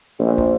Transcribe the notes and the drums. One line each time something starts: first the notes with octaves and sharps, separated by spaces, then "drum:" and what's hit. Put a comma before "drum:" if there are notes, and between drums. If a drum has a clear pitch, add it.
A#1
drum: kick